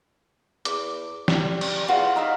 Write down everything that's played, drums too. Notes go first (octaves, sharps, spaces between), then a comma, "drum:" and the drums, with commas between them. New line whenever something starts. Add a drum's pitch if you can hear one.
E2 D6, drum: hi-hat
G3, drum: snare
drum: cymbal
E2 F4 F#4 F#5
D#4 E5 F5 A#5